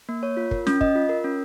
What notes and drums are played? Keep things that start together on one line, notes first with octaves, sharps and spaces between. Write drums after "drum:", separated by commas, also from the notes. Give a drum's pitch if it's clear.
A#3
C#5
F4
A#4, drum: kick
C#4, drum: snare
D#5, drum: kick
F4
A#4
C#4